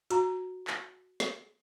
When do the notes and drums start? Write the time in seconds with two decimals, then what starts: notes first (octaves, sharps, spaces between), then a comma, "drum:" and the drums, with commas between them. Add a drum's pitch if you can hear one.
0.10 F#4 A#5, drum: hi-hat
0.67 drum: clap
1.20 drum: snare